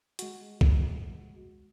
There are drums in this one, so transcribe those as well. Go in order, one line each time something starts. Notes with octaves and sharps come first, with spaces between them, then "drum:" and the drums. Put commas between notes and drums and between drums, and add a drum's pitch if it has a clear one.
G#3 F#4, drum: hi-hat
drum: kick B1